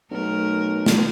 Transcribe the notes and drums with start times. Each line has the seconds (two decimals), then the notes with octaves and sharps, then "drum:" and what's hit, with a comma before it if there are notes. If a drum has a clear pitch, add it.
0.11 B1 A3 A#4
0.86 drum: snare